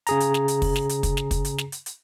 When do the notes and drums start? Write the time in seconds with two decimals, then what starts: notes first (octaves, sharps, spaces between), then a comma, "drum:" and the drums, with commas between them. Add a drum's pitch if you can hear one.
0.07 C#3 G#4 A#5, drum: hi-hat
0.20 drum: hi-hat
0.34 drum: snare
0.48 drum: hi-hat
0.62 drum: kick, open hi-hat
0.76 drum: snare
0.89 drum: hi-hat
1.03 drum: kick, hi-hat
1.17 drum: snare
1.31 drum: kick, hi-hat
1.45 drum: hi-hat
1.58 drum: snare
1.72 drum: hi-hat
1.86 drum: hi-hat